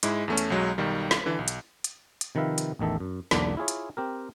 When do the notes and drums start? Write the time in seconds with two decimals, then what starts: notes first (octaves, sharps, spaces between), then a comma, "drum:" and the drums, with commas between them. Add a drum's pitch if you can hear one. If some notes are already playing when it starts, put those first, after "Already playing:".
0.03 G#2 G#3 E4, drum: hi-hat
0.28 E2 A3 C#4
0.38 drum: hi-hat
0.50 B1 F#3 G#3
0.78 B1 D#3 G3
1.11 drum: snare
1.26 D3 E3
1.39 B1
1.48 drum: hi-hat
1.84 drum: hi-hat
2.21 drum: hi-hat
2.35 C3 D#3 F3 B4 E5 F5
2.58 drum: hi-hat
2.79 A1 E2 D#3 A4 E5
3.00 F#2
3.31 B1 E2 D3 A#3 D5 A5, drum: snare
3.57 E4 F4 G#4 C#5
3.68 drum: hi-hat
3.97 C4 G4 A#4